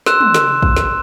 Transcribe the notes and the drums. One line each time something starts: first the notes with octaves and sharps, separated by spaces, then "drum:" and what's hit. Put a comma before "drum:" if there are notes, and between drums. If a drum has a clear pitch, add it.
C6 E6 F#6 E7, drum: snare
drum: tom
drum: snare
drum: kick
drum: snare